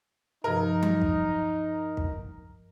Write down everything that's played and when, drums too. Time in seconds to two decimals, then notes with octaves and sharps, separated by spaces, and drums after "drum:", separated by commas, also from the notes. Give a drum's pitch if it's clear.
0.44 G2 C3 F3 D#4 A#4
0.82 drum: tom F#3
1.02 drum: kick
1.97 drum: kick